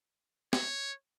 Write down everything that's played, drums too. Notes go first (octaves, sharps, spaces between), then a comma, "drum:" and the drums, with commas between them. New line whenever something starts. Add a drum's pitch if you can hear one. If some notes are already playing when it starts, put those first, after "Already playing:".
C#5, drum: snare